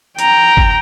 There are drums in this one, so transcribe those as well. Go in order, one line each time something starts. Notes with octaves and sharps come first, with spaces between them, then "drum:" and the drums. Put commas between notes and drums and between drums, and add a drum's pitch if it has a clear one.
G5 A#5, drum: hi-hat
drum: kick